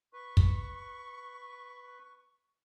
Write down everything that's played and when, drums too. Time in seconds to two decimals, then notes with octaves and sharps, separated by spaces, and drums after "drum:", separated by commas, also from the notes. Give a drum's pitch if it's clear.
0.13 B4 C#6
0.37 drum: kick